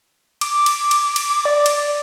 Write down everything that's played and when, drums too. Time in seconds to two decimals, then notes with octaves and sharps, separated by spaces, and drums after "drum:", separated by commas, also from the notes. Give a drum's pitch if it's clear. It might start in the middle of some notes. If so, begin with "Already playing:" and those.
0.41 D6, drum: cymbal
0.66 drum: cymbal
0.91 drum: cymbal
1.16 drum: cymbal
1.45 D5
1.66 drum: cymbal